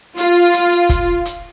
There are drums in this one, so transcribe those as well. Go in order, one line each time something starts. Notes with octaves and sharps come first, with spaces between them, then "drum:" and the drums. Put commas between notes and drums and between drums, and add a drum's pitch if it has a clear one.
F4, drum: hi-hat
drum: hi-hat
drum: kick, hi-hat
drum: hi-hat